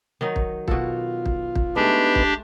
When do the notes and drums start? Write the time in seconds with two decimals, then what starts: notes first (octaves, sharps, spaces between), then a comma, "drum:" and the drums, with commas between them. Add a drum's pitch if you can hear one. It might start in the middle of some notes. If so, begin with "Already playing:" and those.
0.21 D#3 F#3 D#4
0.36 drum: kick
0.68 B2 F4 F#4 A4, drum: kick
1.26 drum: kick
1.55 drum: kick
1.76 G#3 A3 B3 D4 D#4 G4 B4
2.15 drum: kick